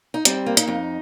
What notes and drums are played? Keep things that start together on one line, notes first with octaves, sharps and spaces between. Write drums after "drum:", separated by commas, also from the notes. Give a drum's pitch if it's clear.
D#4
G3 C4, drum: hi-hat
A#3
D#4, drum: hi-hat
F2